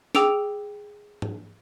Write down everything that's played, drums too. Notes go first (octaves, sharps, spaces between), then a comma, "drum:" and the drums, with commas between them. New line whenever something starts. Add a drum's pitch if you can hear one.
G#4 G5 D6 E6 D7 F7, drum: snare D4
drum: tom